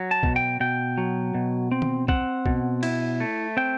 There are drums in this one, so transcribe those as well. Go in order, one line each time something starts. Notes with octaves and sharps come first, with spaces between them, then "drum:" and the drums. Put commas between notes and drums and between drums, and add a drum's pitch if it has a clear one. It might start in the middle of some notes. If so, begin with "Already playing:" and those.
Already playing: F#3
A5
B2, drum: kick
G5
B2 G5
F#3
B2
C4
drum: tom
C4 F#5, drum: kick
B2, drum: kick
E4, drum: cymbal
A3
C4 G5